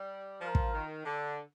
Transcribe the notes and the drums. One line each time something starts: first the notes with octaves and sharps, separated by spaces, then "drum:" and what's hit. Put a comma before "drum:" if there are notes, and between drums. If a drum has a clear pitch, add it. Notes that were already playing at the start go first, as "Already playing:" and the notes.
Already playing: G3
F3 F4 A#4 F5
drum: kick
D#3
D3